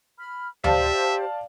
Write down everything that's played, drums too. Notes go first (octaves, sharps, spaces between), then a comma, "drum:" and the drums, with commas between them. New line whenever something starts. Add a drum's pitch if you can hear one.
B5 F6
G4 C5 D5 E5 F5 A5, drum: tom D2